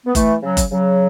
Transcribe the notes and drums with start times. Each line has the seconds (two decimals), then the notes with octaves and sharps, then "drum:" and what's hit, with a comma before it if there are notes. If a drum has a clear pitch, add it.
0.06 B3
0.15 E3 A3, drum: kick F#1, hi-hat
0.42 C#3 F#3
0.57 drum: kick F#1, hi-hat
0.71 C#3 F#3